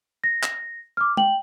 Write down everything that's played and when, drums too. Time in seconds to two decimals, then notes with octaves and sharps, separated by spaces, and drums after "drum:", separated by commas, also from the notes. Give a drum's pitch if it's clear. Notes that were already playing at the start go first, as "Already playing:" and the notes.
0.24 A#6
0.43 drum: clap
0.97 D6 F6
1.17 G5 F#7, drum: tom G#3